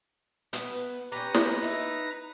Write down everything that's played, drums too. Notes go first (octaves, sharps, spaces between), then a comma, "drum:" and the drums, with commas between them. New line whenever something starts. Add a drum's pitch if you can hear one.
B3 B4, drum: hi-hat
C#4 G4 B4 A#5
drum: snare
D#4 E4